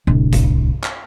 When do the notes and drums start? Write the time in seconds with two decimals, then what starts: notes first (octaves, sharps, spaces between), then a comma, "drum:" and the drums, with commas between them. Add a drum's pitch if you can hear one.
0.07 D1 C2
0.33 drum: kick F#1, hi-hat
0.84 drum: clap